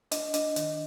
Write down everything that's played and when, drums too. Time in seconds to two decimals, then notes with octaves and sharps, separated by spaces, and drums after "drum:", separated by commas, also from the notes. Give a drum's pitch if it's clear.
0.12 D4 D#5, drum: hi-hat
0.34 D4 D#5, drum: hi-hat
0.56 D#3, drum: hi-hat